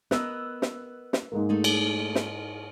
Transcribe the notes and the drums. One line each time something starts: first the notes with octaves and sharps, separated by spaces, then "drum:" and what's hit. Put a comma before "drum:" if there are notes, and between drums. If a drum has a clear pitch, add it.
B3 A#4 D#5 E6 F#6, drum: snare
drum: snare
drum: snare
G#2 G#3 A#3
A3 D#4 G#4
drum: cymbal
drum: snare